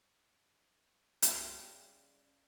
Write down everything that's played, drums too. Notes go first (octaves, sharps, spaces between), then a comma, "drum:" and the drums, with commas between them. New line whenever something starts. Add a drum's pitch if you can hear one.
C#3 G3, drum: hi-hat